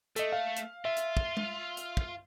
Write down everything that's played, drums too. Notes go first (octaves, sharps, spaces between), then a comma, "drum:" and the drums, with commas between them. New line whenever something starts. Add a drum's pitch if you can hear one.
A3 A4 D#5, drum: hi-hat
F5
drum: hi-hat
F4 E5
drum: hi-hat
drum: kick
drum: tom
drum: hi-hat
drum: kick